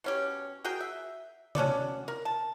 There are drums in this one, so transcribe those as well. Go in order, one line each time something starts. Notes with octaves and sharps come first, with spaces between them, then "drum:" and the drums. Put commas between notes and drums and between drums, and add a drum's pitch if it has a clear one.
B2 C#4 G4
F#4 G#4 A#4 G5
E5
C#4 D4 F#4 D5, drum: tom C3
A#4
A5